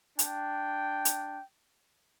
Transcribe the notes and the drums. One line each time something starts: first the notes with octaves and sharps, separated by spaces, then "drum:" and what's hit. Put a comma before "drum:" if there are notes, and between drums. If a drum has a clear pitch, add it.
D4 G5, drum: hi-hat
drum: hi-hat